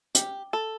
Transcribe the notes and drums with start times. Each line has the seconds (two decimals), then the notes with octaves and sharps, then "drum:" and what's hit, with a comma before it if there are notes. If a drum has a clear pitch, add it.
0.15 G4, drum: hi-hat
0.53 A4